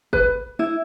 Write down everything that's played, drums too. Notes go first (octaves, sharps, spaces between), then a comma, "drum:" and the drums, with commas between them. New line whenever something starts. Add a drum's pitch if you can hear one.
B4, drum: kick
E4